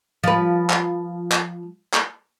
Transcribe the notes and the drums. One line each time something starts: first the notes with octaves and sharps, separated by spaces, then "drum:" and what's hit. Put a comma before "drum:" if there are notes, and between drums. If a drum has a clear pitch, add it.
F3 B4
drum: clap
drum: clap
drum: clap